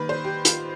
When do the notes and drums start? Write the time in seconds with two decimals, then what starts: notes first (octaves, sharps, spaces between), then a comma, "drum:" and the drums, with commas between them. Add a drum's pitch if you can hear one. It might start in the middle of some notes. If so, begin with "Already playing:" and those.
Already playing: D#3 G3 A#3 B4
0.09 C5
0.25 G4
0.45 F4, drum: hi-hat